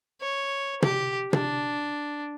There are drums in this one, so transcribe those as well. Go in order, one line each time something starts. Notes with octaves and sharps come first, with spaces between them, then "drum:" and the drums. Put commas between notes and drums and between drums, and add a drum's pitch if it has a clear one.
C#5
G4, drum: tom
D4, drum: tom